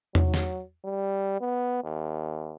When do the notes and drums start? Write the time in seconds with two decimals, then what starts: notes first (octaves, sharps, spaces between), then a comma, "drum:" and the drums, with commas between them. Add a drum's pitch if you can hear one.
0.15 F#3, drum: tom E2
0.34 drum: snare
0.85 G3
1.41 B3
1.84 D#2